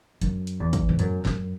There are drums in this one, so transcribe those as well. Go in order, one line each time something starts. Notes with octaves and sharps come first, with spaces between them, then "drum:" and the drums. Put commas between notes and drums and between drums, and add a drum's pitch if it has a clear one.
F#2, drum: hi-hat
drum: hi-hat
E2
drum: kick, hi-hat
G#2
F#2, drum: hi-hat
F#2, drum: snare